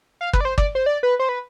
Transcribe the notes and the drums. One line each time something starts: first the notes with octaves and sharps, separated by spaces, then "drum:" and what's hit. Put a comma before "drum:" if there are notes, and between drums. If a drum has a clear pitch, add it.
F5
B4, drum: kick
D5
C5
D5, drum: kick
C5
D5
B4
C5
B4